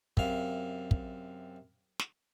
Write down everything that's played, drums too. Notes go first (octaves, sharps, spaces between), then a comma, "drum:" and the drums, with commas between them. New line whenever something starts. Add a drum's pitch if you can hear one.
F#2 C3 F5, drum: kick
drum: kick
drum: snare